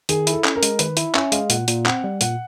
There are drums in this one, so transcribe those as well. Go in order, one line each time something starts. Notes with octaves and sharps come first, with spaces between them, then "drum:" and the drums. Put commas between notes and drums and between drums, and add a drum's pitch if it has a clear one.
D#3 G#4, drum: hi-hat
E4, drum: hi-hat
A4
C#4, drum: clap
A#4
G#3, drum: hi-hat
D#3 B4, drum: hi-hat
E4, drum: hi-hat
C#4 E5, drum: clap
G#3 F5, drum: hi-hat
A#2 F#5, drum: hi-hat
A#2, drum: hi-hat
C4 F#5, drum: clap
G3
A#2 F#5, drum: hi-hat